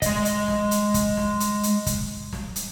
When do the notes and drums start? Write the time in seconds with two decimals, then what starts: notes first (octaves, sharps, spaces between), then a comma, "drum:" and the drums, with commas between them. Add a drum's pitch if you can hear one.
0.02 G#3 D#5, drum: kick, hi-hat
0.25 drum: hi-hat
0.48 drum: snare
0.71 drum: hi-hat
0.94 drum: kick, hi-hat
1.17 drum: snare
1.40 drum: hi-hat
1.63 drum: hi-hat
1.86 drum: kick, hi-hat
2.33 drum: snare
2.56 drum: hi-hat